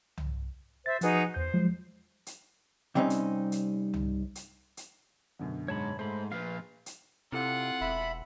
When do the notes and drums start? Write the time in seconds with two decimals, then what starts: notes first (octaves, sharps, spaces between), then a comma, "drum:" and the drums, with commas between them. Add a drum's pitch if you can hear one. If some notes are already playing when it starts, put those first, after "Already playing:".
0.18 drum: tom
0.86 C5 E5 A6
1.01 F3 D#4 F#4 G#4 B4, drum: hi-hat
1.34 E2 C5 G6
1.54 F3 F#3 G#3
2.26 drum: hi-hat
2.95 C3 G3 C4 C#4 D#4
3.10 drum: hi-hat
3.52 drum: hi-hat
3.94 drum: tom
4.35 drum: hi-hat
4.77 drum: hi-hat
5.39 F#2 B2 D3
5.68 G#2 C#5 A5 B5
5.99 G#2 A3 C5 B5
6.32 A#2 F3 B4 F5 F6
6.86 drum: hi-hat
7.32 C3 C4 E4 F4 A4 F#5
7.81 E1 E5 B5